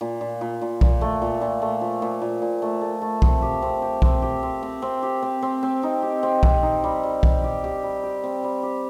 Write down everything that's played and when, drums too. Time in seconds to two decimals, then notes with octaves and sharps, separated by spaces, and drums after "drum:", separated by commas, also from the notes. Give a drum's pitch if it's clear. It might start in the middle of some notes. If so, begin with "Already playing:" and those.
0.01 A#2
0.21 A#2
0.41 A#2
0.61 A#2
0.81 A#2, drum: kick B1
1.01 A3
1.22 A#2
1.41 A#2
1.62 A3
1.81 F3
2.02 A#2
2.21 A#2
2.42 A#2
2.62 A3
2.81 A3
3.02 A3
3.22 C4, drum: kick B1
3.42 G4
3.62 C4
3.82 G4
4.02 C4, drum: kick B1
4.22 G4
4.43 C4
4.63 C4
4.82 C4
5.03 G4
5.22 C4
5.42 C4
5.63 C4
5.83 D#4
6.02 G4
6.23 C4
6.43 C4, drum: kick B1
6.63 D#4
6.84 G3
7.03 G3
7.23 G3, drum: kick B1
7.44 G4
7.64 G4
7.83 G3
8.03 G4
8.24 C4
8.44 G3
8.63 G4